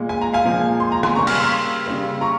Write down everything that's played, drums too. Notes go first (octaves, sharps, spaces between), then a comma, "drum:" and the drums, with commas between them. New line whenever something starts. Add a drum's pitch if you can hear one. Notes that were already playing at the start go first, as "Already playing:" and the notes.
Already playing: A#2 G#3
G#5
A#5
F5 G#5
A#2 F3 G#3
C6
A#5
G#5 C6, drum: rim click
C#3 G3 A#3 A#5 C#6
C#6 F6, drum: cymbal
C6 E6
C#3 G3 A#3
A#5 C#6